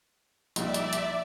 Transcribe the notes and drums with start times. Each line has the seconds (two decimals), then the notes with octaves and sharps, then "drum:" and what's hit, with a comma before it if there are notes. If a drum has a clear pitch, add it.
0.56 A#1 G3 D#4 D5 E5, drum: hi-hat
0.74 drum: hi-hat
0.93 drum: hi-hat